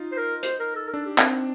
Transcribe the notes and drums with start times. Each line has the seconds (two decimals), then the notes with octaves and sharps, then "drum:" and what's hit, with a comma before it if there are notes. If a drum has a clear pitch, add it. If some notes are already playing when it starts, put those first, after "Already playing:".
Already playing: D#4 F4
0.12 C5
0.17 A#4
0.43 C5, drum: hi-hat
0.60 A#4
0.76 A4
0.88 A#4
0.93 D4 A4
1.06 G4
1.18 C4 A#4, drum: clap